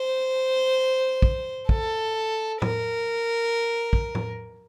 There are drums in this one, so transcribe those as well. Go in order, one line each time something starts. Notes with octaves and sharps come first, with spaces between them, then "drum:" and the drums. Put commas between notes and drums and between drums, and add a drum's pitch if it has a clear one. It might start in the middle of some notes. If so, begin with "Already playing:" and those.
Already playing: C5
drum: kick
A4, drum: kick
A#4, drum: tom A2
drum: kick
drum: tom A2